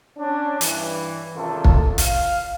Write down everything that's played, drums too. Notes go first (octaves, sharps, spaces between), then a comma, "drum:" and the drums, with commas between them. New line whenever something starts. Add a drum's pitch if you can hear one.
C#4 D4
G2 E3, drum: hi-hat
G#1 C3 D#3 C#4 F4 A4
drum: kick
F5, drum: hi-hat